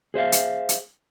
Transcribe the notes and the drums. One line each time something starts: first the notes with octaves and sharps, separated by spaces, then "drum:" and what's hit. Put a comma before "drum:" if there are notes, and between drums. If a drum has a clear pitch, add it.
G#4 C5 E5 F5
drum: hi-hat
drum: hi-hat